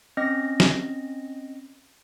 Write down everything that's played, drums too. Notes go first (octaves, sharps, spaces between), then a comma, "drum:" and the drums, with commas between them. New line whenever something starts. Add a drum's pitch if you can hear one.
C4 C#4 D#5 A#6
drum: snare